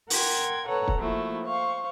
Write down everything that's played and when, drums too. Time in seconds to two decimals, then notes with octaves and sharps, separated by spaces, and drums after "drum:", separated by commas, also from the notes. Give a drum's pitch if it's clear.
0.10 A#4 F#5 G5 C6 G#6, drum: open hi-hat
0.67 A4 B4 C#5 F#5 A#5
0.88 drum: kick
0.98 F3 A3 A#3 E4 F#4
1.44 C5 F5 C#6